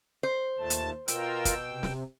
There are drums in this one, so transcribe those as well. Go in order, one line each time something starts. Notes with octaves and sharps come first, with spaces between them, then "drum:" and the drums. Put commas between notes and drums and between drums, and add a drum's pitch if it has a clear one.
C5
D#2 A#2 A3 A5
drum: hi-hat
B2 F4 A#4 G5 E6, drum: hi-hat
drum: kick, hi-hat
C3
drum: snare